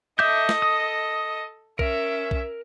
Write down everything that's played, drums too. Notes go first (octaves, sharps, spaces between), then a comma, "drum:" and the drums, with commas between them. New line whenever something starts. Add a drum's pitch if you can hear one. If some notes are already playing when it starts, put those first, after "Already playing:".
A4 D#5 E5 D6 G6
drum: snare
D#6
C#4 A#4 E5, drum: kick B1
drum: kick B1